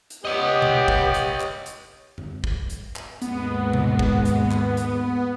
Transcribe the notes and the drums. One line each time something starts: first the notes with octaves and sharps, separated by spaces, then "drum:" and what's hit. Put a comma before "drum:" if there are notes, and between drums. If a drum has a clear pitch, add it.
drum: hi-hat
B3 G4 C#5 D#5
drum: tom B2
drum: kick
drum: hi-hat
drum: clap
drum: hi-hat
drum: tom F#2
drum: kick
drum: hi-hat
drum: clap
D#2 G#2 G#3 B3, drum: hi-hat
drum: tom B2
drum: kick
drum: hi-hat
drum: clap
drum: hi-hat